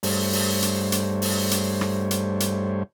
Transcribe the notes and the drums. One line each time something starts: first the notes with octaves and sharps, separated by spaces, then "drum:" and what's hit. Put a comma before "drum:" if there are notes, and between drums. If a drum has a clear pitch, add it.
G2 G3 A3 C5 C#5, drum: open hi-hat
drum: open hi-hat
drum: hi-hat
drum: hi-hat
drum: open hi-hat
drum: hi-hat
drum: rim click
drum: hi-hat
drum: hi-hat